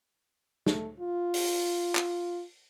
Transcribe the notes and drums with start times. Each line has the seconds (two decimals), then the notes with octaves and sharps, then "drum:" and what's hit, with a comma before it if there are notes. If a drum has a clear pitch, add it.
0.66 A3, drum: snare
1.00 F4
1.34 drum: open hi-hat
1.95 drum: clap